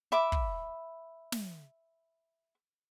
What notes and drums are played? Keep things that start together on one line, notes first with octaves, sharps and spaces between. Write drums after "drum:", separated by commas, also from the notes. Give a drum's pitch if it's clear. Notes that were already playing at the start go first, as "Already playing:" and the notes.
E5 B5 D6
drum: kick
drum: snare